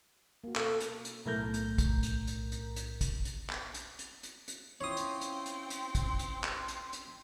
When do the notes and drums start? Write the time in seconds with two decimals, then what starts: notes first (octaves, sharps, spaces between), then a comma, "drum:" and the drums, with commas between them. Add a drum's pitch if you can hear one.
0.44 A#3 F#4
0.56 B2 A4 A#4 F5, drum: clap
0.80 drum: hi-hat
1.05 drum: hi-hat
1.26 B1 A2 A3 A#4 A#5 G6
1.54 drum: hi-hat
1.78 drum: kick A1, hi-hat
2.03 drum: hi-hat
2.27 drum: hi-hat
2.52 drum: hi-hat
2.76 drum: hi-hat
3.01 drum: kick A1, hi-hat
3.25 drum: hi-hat
3.50 drum: clap
3.74 drum: hi-hat
3.99 drum: hi-hat
4.23 drum: hi-hat
4.48 drum: hi-hat
4.81 C4 C#4 E4 F4 C#5 G5 C6 D#6
4.97 drum: hi-hat
5.21 drum: hi-hat
5.46 drum: hi-hat
5.70 drum: hi-hat
5.95 drum: kick A1, hi-hat
6.19 drum: hi-hat
6.44 drum: clap
6.68 drum: hi-hat
6.93 drum: hi-hat